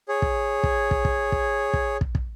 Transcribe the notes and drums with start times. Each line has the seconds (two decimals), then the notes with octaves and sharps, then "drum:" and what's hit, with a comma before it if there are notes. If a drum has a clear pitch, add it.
0.08 G#4 C#5
0.22 drum: kick
0.63 drum: kick
0.91 drum: kick
1.05 drum: kick
1.32 drum: kick
1.73 drum: kick
2.01 drum: kick
2.15 drum: kick